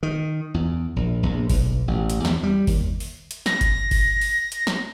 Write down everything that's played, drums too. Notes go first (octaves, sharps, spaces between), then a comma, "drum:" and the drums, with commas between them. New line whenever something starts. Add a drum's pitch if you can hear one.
D#3
E2
A#1
A#1
B1, drum: kick G1, open hi-hat
A1
drum: hi-hat
E2, drum: snare
G3
D#2, drum: kick G1, open hi-hat
drum: open hi-hat
drum: hi-hat
A#6, drum: snare
drum: kick G1, hi-hat
drum: kick G1, open hi-hat
drum: open hi-hat
drum: hi-hat
drum: snare